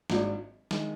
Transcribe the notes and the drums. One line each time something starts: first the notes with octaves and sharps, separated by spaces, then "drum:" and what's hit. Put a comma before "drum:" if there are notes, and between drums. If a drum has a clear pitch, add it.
G#1 G#2 F#3 D4, drum: snare
D#3 G#3, drum: snare